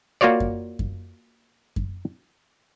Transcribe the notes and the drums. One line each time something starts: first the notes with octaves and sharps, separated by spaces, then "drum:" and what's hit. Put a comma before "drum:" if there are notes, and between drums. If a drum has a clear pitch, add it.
A#3 F4 F#4 C#5 D5
drum: kick F#2
drum: kick F#2
drum: kick F#2